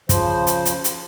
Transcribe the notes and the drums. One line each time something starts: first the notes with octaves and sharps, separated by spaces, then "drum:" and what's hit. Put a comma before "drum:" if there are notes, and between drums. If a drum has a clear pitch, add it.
C#3 F3 C5, drum: kick, hi-hat
drum: hi-hat
drum: hi-hat
drum: hi-hat